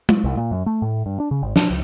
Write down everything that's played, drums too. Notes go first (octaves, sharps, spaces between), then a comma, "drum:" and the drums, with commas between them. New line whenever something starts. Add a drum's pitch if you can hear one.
drum: tom
C2
A#2
F#2
A3
A2
G2
D4
C#3
G#1
D4, drum: snare
C#2